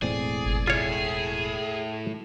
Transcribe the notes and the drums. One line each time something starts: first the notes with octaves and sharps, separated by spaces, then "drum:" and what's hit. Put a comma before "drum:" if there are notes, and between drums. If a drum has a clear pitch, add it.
E1 A2 C4 G#4 D5
drum: kick G1
A3 E4 F4 G#4 C#5